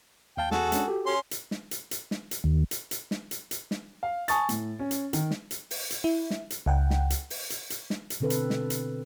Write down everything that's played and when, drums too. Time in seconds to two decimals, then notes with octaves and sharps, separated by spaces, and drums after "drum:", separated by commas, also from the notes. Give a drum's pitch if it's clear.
0.37 D#2 F5 G5 A5
0.51 E2 F#4 G#4 A4, drum: snare
0.72 G#3 C#4 D4, drum: hi-hat
0.88 F#4 G4 A4
1.06 C#4 C6
1.31 drum: hi-hat
1.51 drum: snare
1.71 drum: hi-hat
1.91 drum: hi-hat
2.11 drum: snare
2.31 drum: hi-hat
2.44 D#2
2.71 drum: hi-hat
2.91 drum: hi-hat
3.11 drum: snare
3.31 drum: hi-hat
3.51 drum: hi-hat
3.71 drum: snare
4.03 F5
4.28 G#5 A5 C#6 D#6 A6, drum: hi-hat
4.49 A2, drum: hi-hat
4.79 C#4
4.91 drum: hi-hat
5.13 D#3, drum: hi-hat
5.31 drum: snare
5.51 drum: hi-hat
5.71 drum: open hi-hat
5.91 drum: hi-hat
6.04 E4
6.30 drum: snare
6.50 drum: hi-hat
6.66 C#2 F#5 G5
6.90 drum: snare
7.10 drum: hi-hat
7.30 drum: open hi-hat
7.50 drum: hi-hat
7.70 drum: hi-hat
7.90 drum: snare
8.10 drum: hi-hat
8.20 B2 D3 C4 A4 B4
8.30 drum: hi-hat
8.50 drum: snare
8.70 drum: hi-hat